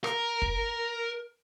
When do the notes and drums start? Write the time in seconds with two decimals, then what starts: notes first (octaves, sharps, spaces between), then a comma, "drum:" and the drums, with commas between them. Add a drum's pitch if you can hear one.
0.04 A#4, drum: rim click
0.42 drum: kick